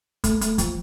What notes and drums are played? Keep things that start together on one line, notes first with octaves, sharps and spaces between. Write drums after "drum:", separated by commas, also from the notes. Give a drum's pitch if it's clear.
A3, drum: kick, hi-hat
A3, drum: hi-hat
F3, drum: kick, hi-hat